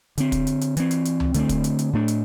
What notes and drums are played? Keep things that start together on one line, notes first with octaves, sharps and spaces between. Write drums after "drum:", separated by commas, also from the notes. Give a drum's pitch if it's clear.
D3 C4, drum: hi-hat
drum: kick, hi-hat
drum: hi-hat
drum: hi-hat
E3 C4, drum: hi-hat
drum: hi-hat
drum: hi-hat
drum: tom C#2
D3 A3 C4, drum: hi-hat
drum: kick, hi-hat
drum: hi-hat
drum: hi-hat
A2 A3 D4
drum: hi-hat